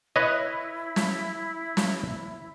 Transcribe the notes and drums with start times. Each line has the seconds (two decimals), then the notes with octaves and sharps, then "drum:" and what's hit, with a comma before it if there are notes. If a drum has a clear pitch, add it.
0.16 E4 B4 C#5 D#5
0.96 drum: snare
1.77 drum: snare